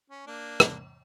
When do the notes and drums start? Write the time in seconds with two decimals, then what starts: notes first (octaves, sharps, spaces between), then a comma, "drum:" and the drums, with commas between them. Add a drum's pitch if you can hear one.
0.10 C#4
0.27 A#3 D4
0.60 drum: rim click